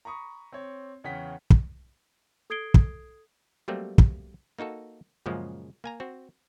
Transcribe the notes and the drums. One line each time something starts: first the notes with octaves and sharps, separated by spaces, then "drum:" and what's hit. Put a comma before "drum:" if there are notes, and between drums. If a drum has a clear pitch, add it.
A#5 B5 C#6 D#6
C4 C#5
E2 C#3 C#4 F#5 G5 B6
drum: kick
A4 D#6 G#6 C7 D7 G7
drum: kick
F#3 G3 A3 A#3 C4
drum: kick
A#3 D#4 F#4 A4
F#2 A#2 C#3 F3 G#3
A#3 G#5 A#5
C4 F#4